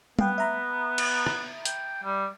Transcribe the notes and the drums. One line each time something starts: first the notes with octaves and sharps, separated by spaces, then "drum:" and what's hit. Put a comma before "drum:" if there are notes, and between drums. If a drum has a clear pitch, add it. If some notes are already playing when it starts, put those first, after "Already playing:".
B3 F5 G5, drum: tom G3
E5 A#5 B5
drum: cymbal
drum: rim click
G5, drum: hi-hat
G3